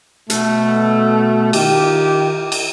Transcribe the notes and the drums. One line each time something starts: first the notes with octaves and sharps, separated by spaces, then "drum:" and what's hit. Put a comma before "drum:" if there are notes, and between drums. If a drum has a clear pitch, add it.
B2 A3, drum: hi-hat
D#3 F4 G4, drum: cymbal
drum: cymbal